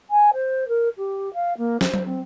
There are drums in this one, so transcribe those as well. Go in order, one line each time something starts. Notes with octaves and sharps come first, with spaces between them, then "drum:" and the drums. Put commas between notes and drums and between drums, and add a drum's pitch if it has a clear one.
G#5
C5
A#4
G4
F5
A#3
C5, drum: snare
drum: tom F#3
C4